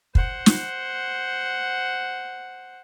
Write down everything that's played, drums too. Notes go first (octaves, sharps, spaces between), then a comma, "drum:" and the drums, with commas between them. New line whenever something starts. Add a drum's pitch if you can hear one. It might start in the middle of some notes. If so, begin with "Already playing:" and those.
C5 F#5, drum: kick
drum: snare